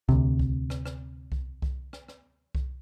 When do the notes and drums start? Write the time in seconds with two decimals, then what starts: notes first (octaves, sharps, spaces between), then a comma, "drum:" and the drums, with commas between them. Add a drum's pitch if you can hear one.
0.09 D2 C3, drum: kick C2
0.39 drum: kick C2
0.70 drum: rim click
0.86 drum: rim click
1.32 drum: kick C2
1.62 drum: kick C2
1.93 drum: rim click
2.08 drum: rim click
2.55 drum: kick C2